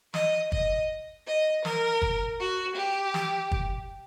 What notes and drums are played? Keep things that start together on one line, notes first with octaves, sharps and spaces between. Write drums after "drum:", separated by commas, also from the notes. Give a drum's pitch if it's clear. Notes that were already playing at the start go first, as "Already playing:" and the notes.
D#5, drum: snare
D#5, drum: kick
D#5
A#4, drum: snare
drum: kick
F#4
G4
drum: snare
drum: kick